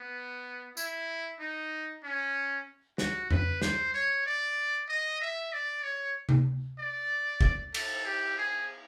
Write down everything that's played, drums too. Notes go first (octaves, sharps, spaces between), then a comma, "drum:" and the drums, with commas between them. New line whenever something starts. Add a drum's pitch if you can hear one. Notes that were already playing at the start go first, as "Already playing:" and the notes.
Already playing: B3
E4, drum: tambourine
D#4
C#4
F#4, drum: snare
B4, drum: tom F2
C5, drum: snare
C#5
D5
D#5
E5
D5
C#5
drum: tom C3
D5
drum: kick
A4, drum: cymbal
G4
G#4